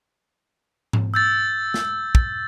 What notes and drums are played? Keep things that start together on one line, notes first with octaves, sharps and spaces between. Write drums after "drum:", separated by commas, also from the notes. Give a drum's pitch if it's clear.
drum: tom G#2
E6 G6 A6
drum: snare
drum: kick